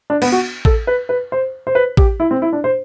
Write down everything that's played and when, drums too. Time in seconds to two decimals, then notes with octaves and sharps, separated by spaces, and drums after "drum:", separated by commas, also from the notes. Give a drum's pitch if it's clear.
0.10 D4
0.22 B3, drum: cymbal
0.32 F#4
0.65 A4, drum: kick A1
0.87 B4
1.09 B4
1.32 C5
1.67 C5
1.75 B4
1.97 G4, drum: kick A1
2.20 E4
2.31 C4
2.42 E4
2.53 D4
2.64 C5